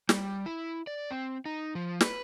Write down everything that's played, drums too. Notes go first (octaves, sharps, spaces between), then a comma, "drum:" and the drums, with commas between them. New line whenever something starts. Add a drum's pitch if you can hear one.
G3, drum: snare
E4
D5
C4
D#4
F3
B4, drum: snare